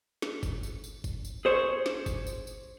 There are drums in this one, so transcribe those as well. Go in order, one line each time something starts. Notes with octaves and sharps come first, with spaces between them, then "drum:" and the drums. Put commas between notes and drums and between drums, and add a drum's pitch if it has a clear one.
drum: snare
drum: kick, tambourine
drum: tambourine
drum: tambourine
drum: kick, tambourine
drum: tambourine
G#4 C5 C#5
drum: snare
drum: kick, tambourine
drum: tambourine
drum: tambourine